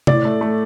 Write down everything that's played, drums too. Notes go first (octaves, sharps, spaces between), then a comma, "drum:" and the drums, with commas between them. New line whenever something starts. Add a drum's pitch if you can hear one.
A2 D5, drum: tom C3
A3
A3